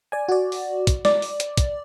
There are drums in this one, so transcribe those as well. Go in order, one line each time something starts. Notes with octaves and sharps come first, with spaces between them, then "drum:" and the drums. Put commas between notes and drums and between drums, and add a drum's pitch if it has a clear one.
D5 G#5
F#4 D5
drum: open hi-hat
drum: kick, hi-hat
D5, drum: snare
drum: open hi-hat
drum: hi-hat
drum: kick, hi-hat